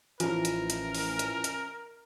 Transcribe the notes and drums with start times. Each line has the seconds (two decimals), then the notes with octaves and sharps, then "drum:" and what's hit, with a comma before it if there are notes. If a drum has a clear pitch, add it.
0.20 A1 E3 F3 C#4 E4 A#4, drum: hi-hat
0.45 drum: hi-hat
0.70 drum: hi-hat
0.94 drum: open hi-hat
1.19 drum: hi-hat
1.44 drum: hi-hat